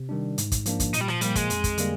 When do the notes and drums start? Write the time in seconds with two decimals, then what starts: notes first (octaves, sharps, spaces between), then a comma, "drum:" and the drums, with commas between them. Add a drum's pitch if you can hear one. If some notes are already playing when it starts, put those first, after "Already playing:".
Already playing: C3
0.09 D#3 G3 D4
0.38 G#2, drum: hi-hat
0.52 drum: kick, hi-hat
0.66 F3 A#3 D4, drum: hi-hat
0.80 drum: kick, hi-hat
0.93 A#2 D#4, drum: hi-hat
1.01 G3
1.08 F3, drum: rim click
1.21 F3 G3 A#3, drum: hi-hat
1.35 G#3, drum: kick, hi-hat
1.50 F2, drum: hi-hat
1.64 drum: kick, hi-hat
1.78 D3 G3 A#3, drum: hi-hat